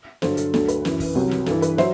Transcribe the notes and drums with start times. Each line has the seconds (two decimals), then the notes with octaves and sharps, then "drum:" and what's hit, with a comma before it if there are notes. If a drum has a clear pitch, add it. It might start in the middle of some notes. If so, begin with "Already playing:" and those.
0.22 G2 D3 F#3 A4 C5, drum: snare
0.37 A4, drum: hi-hat
0.54 D2 D3 F#3 A4, drum: snare
0.68 B4, drum: hi-hat
0.85 F#2 E3, drum: snare
1.00 drum: kick, open hi-hat
1.15 C2 C3 F#3
1.31 drum: snare
1.46 G2 E3 A4, drum: snare
1.62 B4, drum: hi-hat
1.78 F#3 C5 E5, drum: snare